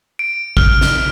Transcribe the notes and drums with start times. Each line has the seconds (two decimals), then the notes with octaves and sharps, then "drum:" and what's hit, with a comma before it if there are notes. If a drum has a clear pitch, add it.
0.19 D7
0.57 F6, drum: kick A1
0.81 drum: snare